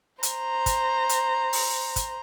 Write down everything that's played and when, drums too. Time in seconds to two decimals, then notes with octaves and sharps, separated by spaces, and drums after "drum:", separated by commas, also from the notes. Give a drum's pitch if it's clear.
0.23 C5 A#5, drum: hi-hat
0.66 drum: kick, hi-hat
1.09 drum: hi-hat
1.53 drum: open hi-hat
1.96 drum: kick, hi-hat